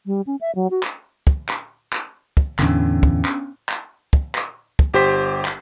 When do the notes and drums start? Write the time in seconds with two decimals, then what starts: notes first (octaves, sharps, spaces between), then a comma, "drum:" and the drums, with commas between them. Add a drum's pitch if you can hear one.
0.06 G3
0.27 C#4
0.41 E5
0.55 F#3
0.71 F#4
0.83 drum: clap
1.27 drum: kick
1.49 drum: clap
1.93 drum: clap
2.37 drum: kick
2.59 E2 A2 D3 B3 C#4 D4, drum: clap
3.03 drum: kick
3.25 drum: clap
3.69 drum: clap
4.13 drum: kick
4.35 drum: clap
4.79 drum: kick
4.93 G1 G4 C5 B6
5.45 drum: clap